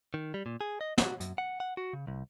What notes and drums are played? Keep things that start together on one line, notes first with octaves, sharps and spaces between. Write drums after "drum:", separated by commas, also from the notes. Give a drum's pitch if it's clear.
D#3
G3
A#2
G#4
D#5
F#4, drum: snare
F#2, drum: hi-hat
F#5
F#5
F#4
C#3
C2